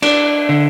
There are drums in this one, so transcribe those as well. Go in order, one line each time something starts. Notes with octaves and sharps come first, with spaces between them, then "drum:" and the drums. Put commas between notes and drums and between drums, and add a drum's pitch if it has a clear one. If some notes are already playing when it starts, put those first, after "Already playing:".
D4, drum: cymbal
D3